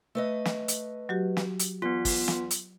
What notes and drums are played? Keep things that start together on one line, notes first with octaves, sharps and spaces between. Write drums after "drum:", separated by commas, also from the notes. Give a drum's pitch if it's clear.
A3 B4 D#5 E6
drum: snare
drum: hi-hat
F#3 F#4 G4
drum: snare
drum: hi-hat
E2 B3 F4
drum: kick, open hi-hat
drum: snare
drum: hi-hat